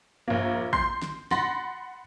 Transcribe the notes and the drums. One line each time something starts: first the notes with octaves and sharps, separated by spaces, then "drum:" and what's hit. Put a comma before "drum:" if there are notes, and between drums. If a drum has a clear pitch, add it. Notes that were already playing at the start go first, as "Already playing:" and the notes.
A#1 A#3
C6 G6 C7, drum: kick
drum: snare
F#5 B5 C6 A6 A#6, drum: snare